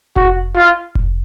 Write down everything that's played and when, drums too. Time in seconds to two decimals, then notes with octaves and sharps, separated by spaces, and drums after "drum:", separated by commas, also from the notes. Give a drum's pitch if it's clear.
0.16 F#4, drum: kick F1
0.56 F4
0.95 drum: kick F1